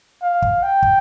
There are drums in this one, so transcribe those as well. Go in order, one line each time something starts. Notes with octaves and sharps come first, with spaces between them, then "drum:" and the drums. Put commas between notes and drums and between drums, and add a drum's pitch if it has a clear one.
F5
drum: kick
G5
drum: kick